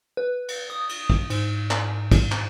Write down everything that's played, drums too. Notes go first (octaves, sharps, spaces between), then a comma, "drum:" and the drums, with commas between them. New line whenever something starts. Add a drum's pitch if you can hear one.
B4
drum: cymbal
D#6
drum: cymbal
drum: kick
G#2, drum: cymbal
drum: clap
drum: kick, cymbal
drum: clap